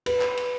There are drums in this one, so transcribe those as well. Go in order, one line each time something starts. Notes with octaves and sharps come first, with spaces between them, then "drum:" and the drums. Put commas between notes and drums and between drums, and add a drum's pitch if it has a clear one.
B4, drum: cymbal
drum: clap
drum: cymbal